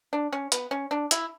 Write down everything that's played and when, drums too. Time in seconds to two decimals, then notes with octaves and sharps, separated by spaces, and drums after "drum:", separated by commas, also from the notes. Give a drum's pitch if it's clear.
0.13 D4
0.32 C#4
0.52 B3, drum: hi-hat
0.71 C#4
0.91 D4
1.11 E4, drum: hi-hat